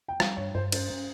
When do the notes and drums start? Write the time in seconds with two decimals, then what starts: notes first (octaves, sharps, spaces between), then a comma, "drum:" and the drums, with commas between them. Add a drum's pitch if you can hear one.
0.08 G5
0.20 G3 F5, drum: rim click
0.37 G2 C#5
0.55 G2 C5
0.72 C#4 C5, drum: cymbal
0.90 C#4